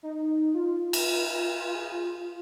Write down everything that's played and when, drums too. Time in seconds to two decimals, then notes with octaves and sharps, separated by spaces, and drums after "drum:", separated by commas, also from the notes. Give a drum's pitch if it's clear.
0.03 D#4
0.54 F4
0.93 drum: cymbal
1.58 F4
1.75 G#4
1.92 F4